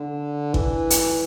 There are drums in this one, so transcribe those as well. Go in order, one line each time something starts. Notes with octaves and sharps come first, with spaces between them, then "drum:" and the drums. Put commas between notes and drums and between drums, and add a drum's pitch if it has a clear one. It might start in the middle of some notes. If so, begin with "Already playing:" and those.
Already playing: D3
E3, drum: kick G#1
drum: hi-hat